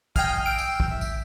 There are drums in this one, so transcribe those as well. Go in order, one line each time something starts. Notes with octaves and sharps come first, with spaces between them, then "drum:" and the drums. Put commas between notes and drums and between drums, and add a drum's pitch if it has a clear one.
D#5 F5 G5 G#5 F6, drum: kick, tambourine
G5 E6 D7
drum: tambourine
drum: kick
E5
drum: tambourine